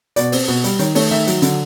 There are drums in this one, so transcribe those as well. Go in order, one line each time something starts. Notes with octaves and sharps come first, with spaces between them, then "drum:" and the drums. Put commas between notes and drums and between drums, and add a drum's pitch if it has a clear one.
B2 D5, drum: hi-hat
C4, drum: open hi-hat
B2
G3, drum: hi-hat
D#3 C#5, drum: hi-hat
A3 C#5, drum: open hi-hat
D#3 E5
F#3, drum: hi-hat
D3, drum: hi-hat